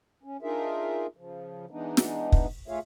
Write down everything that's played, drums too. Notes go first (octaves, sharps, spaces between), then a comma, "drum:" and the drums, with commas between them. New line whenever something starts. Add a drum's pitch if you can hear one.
C#4
D4 D#4 F4 G#4 A#4 E5
C#3 F3
E3 G#3 B3 D4 D#4
drum: snare
drum: kick
A3 F4 G#4 C#5 E5 F5